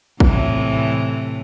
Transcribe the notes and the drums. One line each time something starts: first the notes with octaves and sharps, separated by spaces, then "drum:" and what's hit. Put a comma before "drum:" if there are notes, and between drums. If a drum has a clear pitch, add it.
A2 C3 E3, drum: kick A1